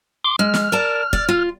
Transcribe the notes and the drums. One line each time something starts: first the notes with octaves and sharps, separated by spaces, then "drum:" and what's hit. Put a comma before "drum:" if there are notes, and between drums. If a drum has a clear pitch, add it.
C6 D6
G#3 F6
drum: snare
A#4 D5 A5
D5, drum: kick
F4